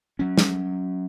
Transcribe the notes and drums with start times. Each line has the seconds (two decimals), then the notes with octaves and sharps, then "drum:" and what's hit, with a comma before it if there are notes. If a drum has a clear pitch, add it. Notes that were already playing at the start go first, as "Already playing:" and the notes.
0.19 F#3 C#4
0.38 drum: snare